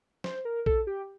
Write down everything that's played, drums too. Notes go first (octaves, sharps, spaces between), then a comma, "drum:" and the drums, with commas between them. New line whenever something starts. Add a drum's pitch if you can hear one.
C5, drum: snare
A#4
A4, drum: kick A#1
G4